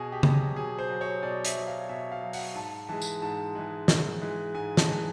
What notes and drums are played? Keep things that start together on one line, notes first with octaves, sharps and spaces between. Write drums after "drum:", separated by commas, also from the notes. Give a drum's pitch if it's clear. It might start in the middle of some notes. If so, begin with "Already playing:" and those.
Already playing: B2 G#4
G4
F#3, drum: tom C#3
B2 G#4
C5
F#3
C#5
B2 D5
E5, drum: hi-hat
F#3
F5
B2 E5
F5
F#3
F#5, drum: open hi-hat
G#2 A5
E3 G#3 A5
drum: tambourine
G#2 A5
E3 G#3
G#2, drum: snare
E3 G#3
G#2 G#5
A5, drum: snare
E3 G#3